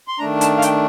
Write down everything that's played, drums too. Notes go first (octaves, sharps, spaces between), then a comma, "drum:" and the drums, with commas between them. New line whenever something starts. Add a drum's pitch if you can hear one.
C6
D#3 A3 D4 A#5
A5, drum: hi-hat
F5
G5, drum: hi-hat